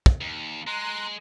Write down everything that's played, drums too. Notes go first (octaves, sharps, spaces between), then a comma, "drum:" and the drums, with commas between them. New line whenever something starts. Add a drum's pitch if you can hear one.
drum: kick
D#2
G#3 A#5 C6 F#6